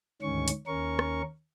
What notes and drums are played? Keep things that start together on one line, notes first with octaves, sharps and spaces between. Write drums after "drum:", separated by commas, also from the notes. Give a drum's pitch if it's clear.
D2 G#2 D#3 C#4 C#6
drum: hi-hat
D#2 C#4 A#4 C#6
drum: rim click